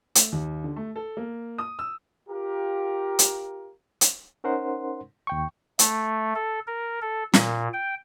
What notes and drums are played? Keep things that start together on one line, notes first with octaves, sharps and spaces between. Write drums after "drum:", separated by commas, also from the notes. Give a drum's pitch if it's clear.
A3, drum: hi-hat
D#2
D3
A3
A4
A#3
D#6
E6
F4 G4 A#4
drum: hi-hat
drum: hi-hat
C#4 D#4 A#4 C5 F#5 C6
D#2 G5 C#6
A3, drum: hi-hat
A4
A#4
A4
A#2, drum: snare
G5